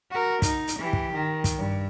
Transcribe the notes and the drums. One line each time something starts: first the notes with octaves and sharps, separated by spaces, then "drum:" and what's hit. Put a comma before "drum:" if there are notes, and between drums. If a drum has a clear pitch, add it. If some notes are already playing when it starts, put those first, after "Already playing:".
F#4 A#4
D#4, drum: kick, hi-hat
drum: hi-hat
E3 G4
drum: kick
D#3
drum: kick, hi-hat
G2